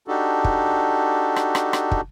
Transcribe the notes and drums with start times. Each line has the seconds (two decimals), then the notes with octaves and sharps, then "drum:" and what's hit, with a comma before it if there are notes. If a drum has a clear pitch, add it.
0.08 D4 D#4 F#4 G4 A4
0.44 drum: kick
1.36 drum: rim click
1.55 drum: rim click
1.73 drum: rim click
1.91 drum: kick